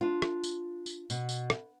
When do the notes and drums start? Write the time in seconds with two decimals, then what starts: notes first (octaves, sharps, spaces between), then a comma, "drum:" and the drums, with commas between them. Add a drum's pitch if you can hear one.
0.01 D4 F4
0.22 drum: rim click
0.44 drum: tambourine
0.86 drum: tambourine
1.10 B2, drum: tambourine
1.29 drum: tambourine
1.50 drum: rim click